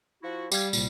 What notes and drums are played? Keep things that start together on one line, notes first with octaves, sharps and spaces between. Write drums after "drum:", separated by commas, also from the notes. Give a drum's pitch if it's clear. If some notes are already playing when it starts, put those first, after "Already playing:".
F3 E4 F#4
G3 G4 F5 G#6, drum: tambourine
C2 A#2, drum: tambourine